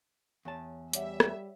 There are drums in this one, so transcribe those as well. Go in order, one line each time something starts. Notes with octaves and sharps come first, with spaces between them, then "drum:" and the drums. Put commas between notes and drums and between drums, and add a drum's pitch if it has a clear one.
E2 G4 C#5 A5
G3 G#4 C#5 E5 F#5, drum: hi-hat
drum: rim click